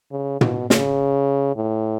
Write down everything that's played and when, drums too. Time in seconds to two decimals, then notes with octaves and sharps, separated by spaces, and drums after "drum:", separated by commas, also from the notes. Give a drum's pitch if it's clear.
0.12 C#3
0.41 B2, drum: tom
0.70 C#3, drum: snare
1.56 A2